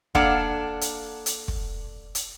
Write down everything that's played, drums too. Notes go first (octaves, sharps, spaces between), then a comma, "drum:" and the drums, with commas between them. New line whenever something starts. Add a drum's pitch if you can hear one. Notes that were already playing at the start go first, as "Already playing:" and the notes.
A#3 D4 A4 D5 F5 F#5, drum: kick
drum: hi-hat
drum: hi-hat
drum: kick
drum: hi-hat